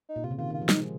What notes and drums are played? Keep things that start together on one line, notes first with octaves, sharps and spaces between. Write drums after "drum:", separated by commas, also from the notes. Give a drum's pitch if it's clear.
D#4
A#2
C3 F4
C#3
D#3 F4
D#3
F4
F3
G#3 D#4, drum: snare